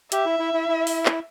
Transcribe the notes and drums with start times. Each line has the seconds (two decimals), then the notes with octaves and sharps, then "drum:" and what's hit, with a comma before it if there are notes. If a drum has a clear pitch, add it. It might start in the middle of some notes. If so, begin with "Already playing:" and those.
0.12 G4 E5, drum: hi-hat
0.26 E4
0.39 E4
0.54 E4
0.69 E4
0.87 drum: open hi-hat
1.06 drum: clap